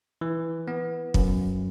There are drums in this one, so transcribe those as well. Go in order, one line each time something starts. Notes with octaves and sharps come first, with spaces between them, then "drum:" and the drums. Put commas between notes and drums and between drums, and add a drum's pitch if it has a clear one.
E3
B3
F#2, drum: kick